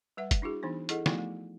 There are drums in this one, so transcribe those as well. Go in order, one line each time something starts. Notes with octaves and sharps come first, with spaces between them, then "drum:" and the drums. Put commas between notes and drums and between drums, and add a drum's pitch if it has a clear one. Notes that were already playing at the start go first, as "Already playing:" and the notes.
G3 B4 E5 F#5
drum: kick, hi-hat
D4 E4 F#4 G#4
E3 B3 D4 D#4
E4 G#4 A4 D#5 F#5, drum: hi-hat
F3 A3 B3 D#4 E4 F#4, drum: snare
A3